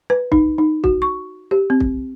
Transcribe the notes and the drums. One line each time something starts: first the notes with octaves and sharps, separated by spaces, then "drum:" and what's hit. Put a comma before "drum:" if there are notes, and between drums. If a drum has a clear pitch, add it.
B4
D#4, drum: kick
D#4
F#4, drum: kick
C#6
G4
C4
drum: kick